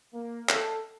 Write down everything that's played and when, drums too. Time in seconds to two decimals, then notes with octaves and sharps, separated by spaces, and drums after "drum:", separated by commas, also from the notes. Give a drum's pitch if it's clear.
0.15 A#3
0.49 A4, drum: clap